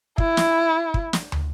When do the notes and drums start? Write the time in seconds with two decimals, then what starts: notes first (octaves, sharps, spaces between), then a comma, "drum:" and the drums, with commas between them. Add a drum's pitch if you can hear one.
0.18 E4, drum: kick
0.37 drum: snare
0.94 drum: kick
1.13 drum: snare
1.32 drum: tom